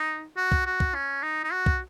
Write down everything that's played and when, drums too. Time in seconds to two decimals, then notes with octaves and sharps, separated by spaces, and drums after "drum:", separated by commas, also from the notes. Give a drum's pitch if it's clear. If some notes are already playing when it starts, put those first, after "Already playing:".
Already playing: D#4
0.37 F#4
0.52 drum: kick
0.66 F#4
0.80 drum: kick
0.95 C#4
1.23 D#4
1.44 D#4
1.53 F#4
1.66 drum: kick